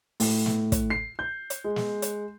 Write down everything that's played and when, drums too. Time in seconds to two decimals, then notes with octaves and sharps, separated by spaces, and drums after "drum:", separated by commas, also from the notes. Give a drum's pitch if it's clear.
0.20 A2, drum: open hi-hat
0.46 drum: snare
0.72 drum: kick, hi-hat
0.90 C7
1.19 G6
1.50 drum: hi-hat
1.64 G#3
1.76 drum: snare
2.02 drum: hi-hat